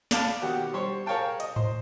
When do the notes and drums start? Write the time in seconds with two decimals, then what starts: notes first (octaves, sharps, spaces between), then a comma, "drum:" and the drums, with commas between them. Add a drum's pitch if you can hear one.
0.11 D5 F5 A5 B5 D6, drum: snare
0.41 B2 D#3 G4 F#5
0.74 G3 C5 C#5
1.06 G#4 A#4 C#5 F5 G5 A5
1.40 D#5, drum: hi-hat
1.56 C5, drum: tom G#2